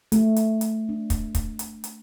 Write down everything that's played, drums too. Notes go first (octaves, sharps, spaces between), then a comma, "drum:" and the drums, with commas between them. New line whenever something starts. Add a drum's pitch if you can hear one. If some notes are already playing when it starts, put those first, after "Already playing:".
A3, drum: hi-hat
drum: hi-hat
drum: hi-hat
D4
drum: kick, hi-hat
drum: kick, hi-hat
drum: hi-hat
drum: hi-hat